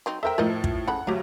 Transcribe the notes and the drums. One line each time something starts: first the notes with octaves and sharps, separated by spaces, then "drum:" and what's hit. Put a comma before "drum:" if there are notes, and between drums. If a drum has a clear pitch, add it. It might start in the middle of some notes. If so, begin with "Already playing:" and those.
F#3 C4 D#4
A4 A#4 C5 E5 G5
A2 F3 A#4 C5 D#5
drum: kick
C#3 A4 F#5 B5
D2 F#3 G4 F5